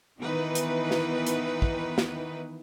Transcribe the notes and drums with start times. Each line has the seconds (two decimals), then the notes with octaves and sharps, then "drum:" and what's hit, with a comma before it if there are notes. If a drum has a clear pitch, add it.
0.20 D#3 E3 B3 D#4 B4
0.55 drum: hi-hat
0.91 drum: snare
1.27 drum: hi-hat
1.62 drum: kick
1.98 drum: snare